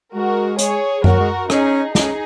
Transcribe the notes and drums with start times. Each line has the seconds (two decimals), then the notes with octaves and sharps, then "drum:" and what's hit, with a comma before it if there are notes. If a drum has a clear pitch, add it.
0.14 G#3 F#4 A#4
0.59 G#4 C#5, drum: hi-hat
1.04 F#3 F#4 A#4, drum: tom F#2
1.19 G#3
1.50 C#4 D#4 G#4, drum: rim click
1.95 C#4 D#4 G#4, drum: snare